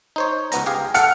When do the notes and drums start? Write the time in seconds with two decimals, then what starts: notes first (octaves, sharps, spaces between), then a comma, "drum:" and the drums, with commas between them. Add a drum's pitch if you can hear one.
0.16 D#4 C5 C#5
0.52 C#2 B3 A#5, drum: hi-hat
0.66 G4 G#4 F5
0.94 A4 F#5 F6 C#7, drum: hi-hat